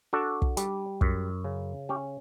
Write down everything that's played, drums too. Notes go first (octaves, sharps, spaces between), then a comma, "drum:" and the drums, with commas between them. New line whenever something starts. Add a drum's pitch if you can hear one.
D4 F#4 A4
drum: kick
G3, drum: hi-hat
F#2, drum: kick
C#3
C#4 G4